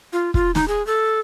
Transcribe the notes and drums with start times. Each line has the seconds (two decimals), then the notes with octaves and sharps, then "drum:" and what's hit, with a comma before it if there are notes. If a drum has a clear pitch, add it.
0.13 F4
0.34 F4, drum: kick
0.55 D#4, drum: snare
0.68 G#4
0.87 A4